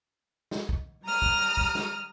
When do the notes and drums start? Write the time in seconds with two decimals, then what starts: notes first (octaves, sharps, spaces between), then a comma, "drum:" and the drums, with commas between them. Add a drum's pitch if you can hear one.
0.51 drum: snare
0.69 drum: kick
1.04 G3 A#5 D#6 F6
1.22 drum: kick
1.57 drum: kick
1.75 drum: snare